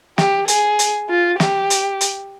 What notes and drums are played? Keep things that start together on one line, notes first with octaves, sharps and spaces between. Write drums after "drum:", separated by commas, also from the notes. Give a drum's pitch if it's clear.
G4, drum: snare
G#4, drum: hi-hat
drum: hi-hat
F4
G4, drum: snare
drum: hi-hat
drum: hi-hat